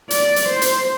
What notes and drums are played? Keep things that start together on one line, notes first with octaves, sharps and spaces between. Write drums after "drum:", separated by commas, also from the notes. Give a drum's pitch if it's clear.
D5, drum: hi-hat
drum: hi-hat
C5
drum: hi-hat